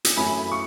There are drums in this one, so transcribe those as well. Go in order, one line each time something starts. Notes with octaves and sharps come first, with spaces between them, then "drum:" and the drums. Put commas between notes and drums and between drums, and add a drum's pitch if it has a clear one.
drum: hi-hat
F#2 E3 A3 G#5 B5
C#6